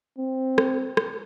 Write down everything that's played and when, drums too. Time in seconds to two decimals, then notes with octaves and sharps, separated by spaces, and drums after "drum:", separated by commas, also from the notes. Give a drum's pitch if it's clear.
0.18 C4
0.58 drum: rim click
0.97 drum: rim click